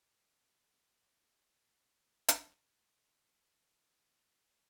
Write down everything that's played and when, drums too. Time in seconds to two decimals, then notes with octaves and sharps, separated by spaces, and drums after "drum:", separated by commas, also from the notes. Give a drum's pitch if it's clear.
0.10 F#4
0.32 E4
0.56 D#4
0.78 C#4
1.31 D#4
1.38 C#4
1.46 B3
2.28 drum: hi-hat
2.82 B3
2.91 C#4
3.00 B3
3.50 B3
3.85 C#4
4.18 D#4
4.30 C#4
4.41 D#4